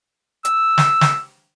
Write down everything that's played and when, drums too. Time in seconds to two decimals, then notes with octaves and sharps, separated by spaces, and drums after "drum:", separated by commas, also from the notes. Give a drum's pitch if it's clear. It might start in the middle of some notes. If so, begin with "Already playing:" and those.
0.45 E6, drum: hi-hat
0.78 drum: snare
1.01 drum: snare